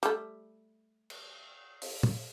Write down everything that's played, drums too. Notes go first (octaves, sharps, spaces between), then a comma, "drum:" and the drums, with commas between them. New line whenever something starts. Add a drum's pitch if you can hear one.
G3 A3, drum: hi-hat
drum: cymbal
drum: open hi-hat
drum: tom